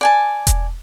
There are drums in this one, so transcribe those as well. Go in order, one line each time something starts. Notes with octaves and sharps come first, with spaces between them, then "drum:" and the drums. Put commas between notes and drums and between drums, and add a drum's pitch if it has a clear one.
D5 G#5 A5
drum: kick E1, hi-hat